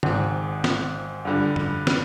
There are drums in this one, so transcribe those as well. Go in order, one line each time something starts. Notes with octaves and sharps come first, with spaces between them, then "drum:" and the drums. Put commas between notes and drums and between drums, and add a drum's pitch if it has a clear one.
G#1 G#2 D#3, drum: tom
drum: snare
G2 D3 G3
drum: tom
drum: snare